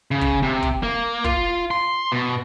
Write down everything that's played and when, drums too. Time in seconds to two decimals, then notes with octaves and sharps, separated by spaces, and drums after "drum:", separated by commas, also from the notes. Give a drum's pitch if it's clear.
0.11 C#3
0.21 drum: kick
0.43 C3
0.63 drum: kick
0.83 A#3
1.24 F4, drum: kick
1.71 C6
2.12 B2